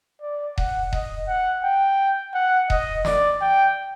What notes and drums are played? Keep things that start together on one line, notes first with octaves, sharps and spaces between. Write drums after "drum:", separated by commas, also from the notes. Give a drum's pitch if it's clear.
D5
F#5, drum: kick D#1
D#5, drum: kick D#1
F#5
G5
F#5
D#5, drum: kick D#1
D5, drum: snare
G5